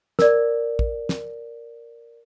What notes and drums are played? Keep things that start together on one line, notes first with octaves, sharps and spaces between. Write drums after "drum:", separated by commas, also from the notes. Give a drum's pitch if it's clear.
A#4 D5, drum: snare
drum: kick
drum: snare